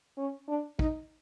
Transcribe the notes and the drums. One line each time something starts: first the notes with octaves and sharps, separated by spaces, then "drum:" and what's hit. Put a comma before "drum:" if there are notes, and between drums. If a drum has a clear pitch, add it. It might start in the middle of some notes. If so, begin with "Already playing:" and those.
C#4
D4
D#4, drum: kick